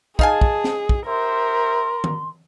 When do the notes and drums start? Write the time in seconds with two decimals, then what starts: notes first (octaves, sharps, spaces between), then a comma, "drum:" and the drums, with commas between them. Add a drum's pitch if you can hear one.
0.19 D#4 G#4 F5 G#5 A5, drum: kick
0.41 drum: kick
0.64 drum: snare
0.89 drum: kick
1.06 G4 A#4 C5 E5 C6
2.04 drum: tom D#3